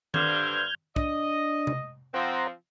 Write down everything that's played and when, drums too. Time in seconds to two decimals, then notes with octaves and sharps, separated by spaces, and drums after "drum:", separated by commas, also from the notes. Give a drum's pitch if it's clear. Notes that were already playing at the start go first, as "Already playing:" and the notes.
0.14 G2 D3 C5 F6 G6 G#6, drum: tom D#3
0.96 D4 D#5, drum: kick
1.67 drum: tom C3
2.14 F3 C4 C5 F#5 A#5